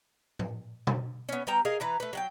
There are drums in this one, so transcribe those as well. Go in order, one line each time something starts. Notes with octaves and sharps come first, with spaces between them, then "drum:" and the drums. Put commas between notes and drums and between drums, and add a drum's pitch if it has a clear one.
drum: tom A2
drum: tom B2
B3 C#4
G3 B3 G5 A#5
G#4 A#4 D#5 F5
E3 B4 A#5
A3 B4
F#3 F#5 G5